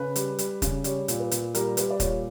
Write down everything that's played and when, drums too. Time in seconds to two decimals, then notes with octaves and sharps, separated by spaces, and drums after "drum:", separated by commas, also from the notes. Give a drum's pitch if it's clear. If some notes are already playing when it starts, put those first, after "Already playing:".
Already playing: C#3 B4
0.16 G3, drum: hi-hat
0.38 G3, drum: hi-hat
0.62 C#3, drum: kick, hi-hat
0.84 G3 C#5, drum: hi-hat
1.08 A#2, drum: hi-hat
1.20 B4
1.31 A#2, drum: hi-hat
1.55 G3 A#4, drum: hi-hat
1.77 G3 B4, drum: hi-hat
1.91 D5
2.00 A#2 C#5, drum: kick, hi-hat